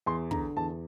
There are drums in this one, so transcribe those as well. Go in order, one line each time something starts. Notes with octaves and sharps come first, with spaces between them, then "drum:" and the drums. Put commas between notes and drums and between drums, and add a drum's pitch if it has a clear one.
E2 C6
D3 A#5, drum: kick
E2 A5